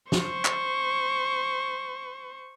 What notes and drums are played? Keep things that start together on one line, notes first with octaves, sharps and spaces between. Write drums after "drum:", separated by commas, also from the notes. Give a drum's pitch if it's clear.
C5 C#6, drum: snare
drum: clap